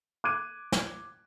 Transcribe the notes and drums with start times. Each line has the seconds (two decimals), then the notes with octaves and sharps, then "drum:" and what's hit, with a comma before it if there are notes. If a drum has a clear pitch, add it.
0.24 D6 F#6 G#6 D#7
0.72 drum: snare